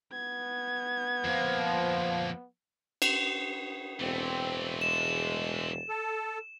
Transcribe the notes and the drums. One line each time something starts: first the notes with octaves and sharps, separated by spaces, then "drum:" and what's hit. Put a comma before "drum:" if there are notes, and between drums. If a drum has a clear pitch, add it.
B3 G#6
F2 F3 A#3
drum: cymbal
E1 E3 A3 C4
G#3 E7
A4